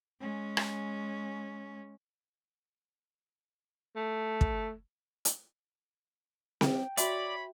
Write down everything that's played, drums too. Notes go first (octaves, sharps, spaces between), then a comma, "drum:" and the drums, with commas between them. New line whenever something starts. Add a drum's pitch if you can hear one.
G#3 C#4
drum: rim click
A3
drum: kick
drum: hi-hat
G5, drum: snare C4
F#4 C#5 D5 E5 B5, drum: hi-hat